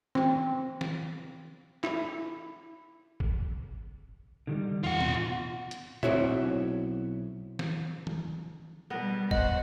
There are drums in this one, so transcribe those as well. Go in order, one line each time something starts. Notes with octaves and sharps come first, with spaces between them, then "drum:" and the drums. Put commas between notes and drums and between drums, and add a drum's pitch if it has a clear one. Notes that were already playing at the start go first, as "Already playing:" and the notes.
C4, drum: snare E3
drum: snare E3
E4, drum: clap
drum: kick
D3 D#3 G3
E2 F4 F#5
B2, drum: tom
drum: hi-hat
B1 C4 E4 F#4 C#5 E5, drum: tom
drum: snare E3
drum: tom
B2 G3 B3 A#4
F#4 C5 D#5 F#5, drum: kick